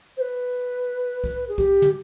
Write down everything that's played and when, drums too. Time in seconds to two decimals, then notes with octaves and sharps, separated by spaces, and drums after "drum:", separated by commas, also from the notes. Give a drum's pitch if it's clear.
0.17 C5
0.21 B4
1.24 drum: kick C2
1.49 G#4
1.58 G4, drum: kick C2
1.82 drum: tom